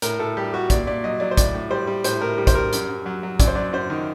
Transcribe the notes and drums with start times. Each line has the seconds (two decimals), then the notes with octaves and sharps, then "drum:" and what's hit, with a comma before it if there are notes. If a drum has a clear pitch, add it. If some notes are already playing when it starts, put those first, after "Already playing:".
0.02 A2 A#4, drum: hi-hat
0.19 A2 A4
0.37 G3 G4
0.53 G3 F#4
0.70 A#2 D5, drum: kick, hi-hat
0.87 A#2 D5
1.04 F#3 D#5
1.20 F#3 D5
1.31 C5
1.37 A2 D5, drum: kick, hi-hat
1.54 A2
1.70 G3 C5
1.87 G3
2.04 A2 C5, drum: hi-hat
2.21 A2 A#4
2.38 G3
2.47 C5, drum: kick, hi-hat
2.55 G3 A#4
2.73 F#2, drum: hi-hat
2.89 F#2
3.06 F#3
3.23 F#3
3.40 F#2 D5, drum: kick, hi-hat
3.48 C5
3.55 F#3 D5
3.73 F#2 C5
3.90 D#3